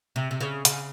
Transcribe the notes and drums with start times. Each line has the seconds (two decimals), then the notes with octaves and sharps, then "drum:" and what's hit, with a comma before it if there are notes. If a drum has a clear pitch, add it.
0.16 C3
0.31 C3
0.40 C#3
0.65 C#3, drum: hi-hat